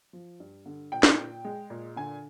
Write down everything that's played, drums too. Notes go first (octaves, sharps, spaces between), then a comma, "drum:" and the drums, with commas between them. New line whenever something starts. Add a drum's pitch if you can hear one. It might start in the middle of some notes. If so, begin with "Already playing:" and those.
F3
G2
D3
A#2 G5
drum: snare
A#2
G#3
A#2
D3 G#5